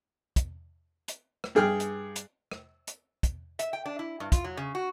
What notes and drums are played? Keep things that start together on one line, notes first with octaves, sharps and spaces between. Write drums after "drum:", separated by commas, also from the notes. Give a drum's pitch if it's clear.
drum: kick, hi-hat
drum: hi-hat
drum: rim click
G2 G#4 G5 F6
drum: hi-hat
drum: hi-hat
drum: rim click
drum: hi-hat
drum: kick, hi-hat
E5, drum: hi-hat
G5
D4
E4
G2
F4, drum: kick, hi-hat
F#3
C#3
F#4